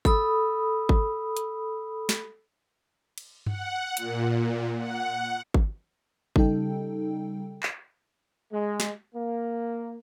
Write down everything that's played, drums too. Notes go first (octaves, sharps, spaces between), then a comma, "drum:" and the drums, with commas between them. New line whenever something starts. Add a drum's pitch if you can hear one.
A4 B5 D#6 E6, drum: kick G#1
drum: kick G#1
drum: hi-hat
drum: snare
drum: cymbal
F#5, drum: tom G2
A#2, drum: hi-hat
F#5
drum: kick G#1
C#3 G3 D#4 A4 G5, drum: kick G#1
drum: clap
G#3
drum: snare
A#3